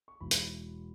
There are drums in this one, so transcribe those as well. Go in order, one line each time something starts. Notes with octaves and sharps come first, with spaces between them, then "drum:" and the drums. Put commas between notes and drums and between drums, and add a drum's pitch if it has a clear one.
C#6
E1 E2 E3 B5
drum: hi-hat